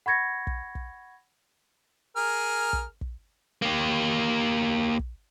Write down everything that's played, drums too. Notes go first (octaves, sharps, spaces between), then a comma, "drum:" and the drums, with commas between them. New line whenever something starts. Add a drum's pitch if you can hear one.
F#5 B5 C#6 G#6 A#6 C#7
drum: kick
drum: kick
G#4 A#4 F6
drum: kick
drum: kick
A#3 G4
drum: kick